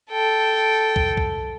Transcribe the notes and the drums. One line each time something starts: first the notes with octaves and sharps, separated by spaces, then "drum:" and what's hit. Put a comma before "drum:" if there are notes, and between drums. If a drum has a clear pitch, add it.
A4 G5
drum: kick
drum: kick